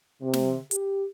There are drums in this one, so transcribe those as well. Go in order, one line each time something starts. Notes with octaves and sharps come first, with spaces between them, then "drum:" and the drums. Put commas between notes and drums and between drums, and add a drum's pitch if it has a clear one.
C3
drum: snare
G4, drum: hi-hat